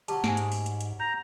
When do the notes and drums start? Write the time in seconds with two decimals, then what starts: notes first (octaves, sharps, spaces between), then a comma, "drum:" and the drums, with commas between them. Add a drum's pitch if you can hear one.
0.08 F#3 G3 A5, drum: hi-hat
0.24 G#2 G#5 D7, drum: snare
0.37 drum: hi-hat
0.52 drum: open hi-hat
0.66 drum: hi-hat
0.80 drum: hi-hat
1.00 A#5 G6